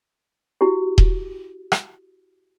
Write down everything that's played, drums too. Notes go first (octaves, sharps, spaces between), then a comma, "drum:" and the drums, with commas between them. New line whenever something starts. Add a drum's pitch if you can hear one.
E4 F#4 G4
drum: kick D#1
drum: rim click